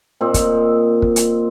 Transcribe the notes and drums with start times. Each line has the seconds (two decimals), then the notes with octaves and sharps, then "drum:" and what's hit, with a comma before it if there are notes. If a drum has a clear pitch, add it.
0.21 A#2 C4 D#5
0.34 drum: kick, hi-hat
1.02 drum: kick
1.16 drum: hi-hat